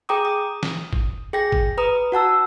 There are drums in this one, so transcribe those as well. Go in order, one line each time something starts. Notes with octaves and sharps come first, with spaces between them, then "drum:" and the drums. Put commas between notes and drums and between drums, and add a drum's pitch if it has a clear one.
G#4 G5 A#5 D6 D#6
D#6
drum: snare
drum: kick
G#4 G5 A#6
drum: kick
B4 A#5 D#6
F#4 F#5 A5 E6